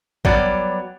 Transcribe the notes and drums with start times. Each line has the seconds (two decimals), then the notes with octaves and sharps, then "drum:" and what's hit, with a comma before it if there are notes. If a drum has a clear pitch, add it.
0.25 F#3 G3 B3 D5, drum: kick A1